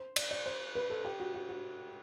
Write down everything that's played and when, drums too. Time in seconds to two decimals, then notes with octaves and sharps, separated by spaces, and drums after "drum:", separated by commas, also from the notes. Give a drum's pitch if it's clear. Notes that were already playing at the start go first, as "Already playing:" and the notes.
Already playing: C5
0.16 D5, drum: cymbal
0.31 D5
0.46 C5
0.75 B4
0.90 A4
1.05 G4
1.20 F#4
1.34 F#4
1.49 F#4